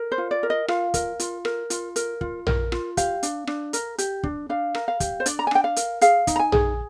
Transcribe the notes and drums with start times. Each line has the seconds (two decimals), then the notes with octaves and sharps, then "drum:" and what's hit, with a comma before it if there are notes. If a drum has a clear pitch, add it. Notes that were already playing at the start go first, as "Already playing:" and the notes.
Already playing: A#4
0.12 C5
0.18 F4
0.31 D5
0.43 A#4
0.50 D#5
0.68 F4 F5, drum: rim click
0.94 A#4, drum: kick, hi-hat
1.20 F4, drum: hi-hat
1.45 A#4, drum: rim click
1.70 F4, drum: hi-hat
1.96 A#4, drum: hi-hat
2.21 F4, drum: kick
2.47 A#4, drum: tom A#1
2.72 F4, drum: rim click
2.97 G4 F5, drum: kick, hi-hat
3.23 D4, drum: hi-hat
3.47 D4, drum: rim click
3.73 A#4, drum: hi-hat
3.98 G4, drum: hi-hat
4.23 D4, drum: kick
4.49 D4 F5
4.75 A#4, drum: rim click
4.88 F5
5.00 G4, drum: kick, hi-hat
5.20 C5
5.26 D4 D5, drum: hi-hat
5.39 A#5
5.47 G#5
5.51 D4 G5, drum: rim click
5.64 F5
5.76 A#4, drum: hi-hat
6.01 G#4 F5, drum: hi-hat
6.27 D#4, drum: kick, hi-hat
6.36 A#5
6.39 G#5
6.52 G#4, drum: tom A#1